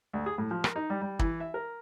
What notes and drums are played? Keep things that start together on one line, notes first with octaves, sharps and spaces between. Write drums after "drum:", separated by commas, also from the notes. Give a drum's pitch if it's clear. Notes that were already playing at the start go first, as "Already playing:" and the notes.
D2
G#4
A2
F3
A#4, drum: rim click
D#4
G3
G3
E3, drum: kick
E5
A#4